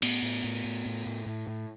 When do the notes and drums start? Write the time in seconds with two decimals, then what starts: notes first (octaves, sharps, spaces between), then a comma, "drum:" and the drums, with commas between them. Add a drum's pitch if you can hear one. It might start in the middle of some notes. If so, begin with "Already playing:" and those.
0.02 A2 B3, drum: cymbal
0.22 A2
0.44 A2
0.64 A2
0.86 A2
1.06 A2
1.26 A2
1.47 A2